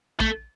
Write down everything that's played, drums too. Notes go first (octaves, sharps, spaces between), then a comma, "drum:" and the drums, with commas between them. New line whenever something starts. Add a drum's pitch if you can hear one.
A3, drum: kick